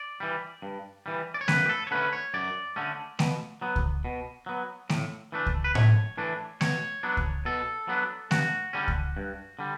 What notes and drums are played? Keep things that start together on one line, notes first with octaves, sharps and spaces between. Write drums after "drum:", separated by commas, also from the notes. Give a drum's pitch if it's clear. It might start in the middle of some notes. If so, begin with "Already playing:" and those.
Already playing: D5
E3 G3
G2
E3 G3
D5
C#5
F#2 B4, drum: snare A3
G4
A4
C#5
D3 A3 C#4 B4
C#5
F#2 D5
D3 A3 C#4
B2, drum: snare A3
F#3 B3
drum: kick C#2
B2
F#3 B3
A2, drum: snare A3
E3 A3 D4
drum: kick C#2
B4
A2 C#5, drum: tom A2
E3 A3 D4
B2 C#5, drum: snare A3
F#3 B3 D4
drum: kick C#2
B2 A4
F#3 B3 D4
G2 F#4, drum: snare A3
D3 G3 C#4
drum: kick C#2
G2
D3 G3